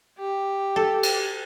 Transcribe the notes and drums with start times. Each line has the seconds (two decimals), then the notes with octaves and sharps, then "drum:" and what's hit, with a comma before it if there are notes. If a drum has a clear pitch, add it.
0.19 G4
0.76 A4
1.03 drum: cymbal